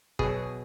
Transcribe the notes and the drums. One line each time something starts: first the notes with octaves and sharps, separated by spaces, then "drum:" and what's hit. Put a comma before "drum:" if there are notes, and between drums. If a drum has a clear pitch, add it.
B2 F#3 G#4, drum: kick